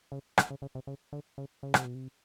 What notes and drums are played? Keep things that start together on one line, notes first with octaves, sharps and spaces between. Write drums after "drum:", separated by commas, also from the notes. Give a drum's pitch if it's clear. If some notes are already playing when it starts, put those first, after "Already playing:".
C#3
D3, drum: rim click
C#3
C#3
C3
C#3
D3
C#3
C#3
C3, drum: rim click
B2
C3